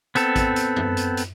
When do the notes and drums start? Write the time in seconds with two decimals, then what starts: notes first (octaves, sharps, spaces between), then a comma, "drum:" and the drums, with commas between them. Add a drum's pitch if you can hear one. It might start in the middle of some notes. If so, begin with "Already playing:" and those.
0.15 B3 C4 A4, drum: hi-hat
0.36 drum: kick A1, hi-hat
0.56 drum: hi-hat
0.76 drum: tom F#2
0.97 drum: hi-hat
1.17 drum: hi-hat